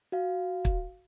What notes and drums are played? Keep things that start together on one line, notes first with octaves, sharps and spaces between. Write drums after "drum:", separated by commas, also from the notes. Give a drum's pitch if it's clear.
F#4 F5
drum: kick